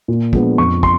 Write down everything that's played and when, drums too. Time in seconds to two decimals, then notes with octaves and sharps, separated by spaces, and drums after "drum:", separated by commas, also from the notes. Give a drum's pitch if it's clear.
0.08 A#2
0.33 F3 G#3 B3 D4, drum: kick
0.58 F2 C#6
0.83 C6, drum: kick